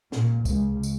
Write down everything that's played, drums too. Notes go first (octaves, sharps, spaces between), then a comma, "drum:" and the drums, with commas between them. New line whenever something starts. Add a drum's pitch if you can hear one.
A#2, drum: snare
C#2, drum: kick, tambourine
drum: tambourine